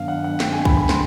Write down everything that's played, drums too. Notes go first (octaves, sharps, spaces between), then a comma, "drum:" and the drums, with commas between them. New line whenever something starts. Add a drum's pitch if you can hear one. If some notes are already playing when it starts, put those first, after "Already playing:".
Already playing: G2 D#3 F#3 B3 D4 F5
F#5
F#5
G5, drum: snare
G#5
B5, drum: kick B1
B5
C6, drum: snare